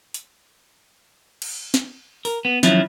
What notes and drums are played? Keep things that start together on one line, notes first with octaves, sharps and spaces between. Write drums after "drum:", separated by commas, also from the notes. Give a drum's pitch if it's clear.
drum: hi-hat
drum: cymbal
drum: snare
A#4, drum: open hi-hat
B3
D#3 F3 F#3 C#4 E4 F4, drum: snare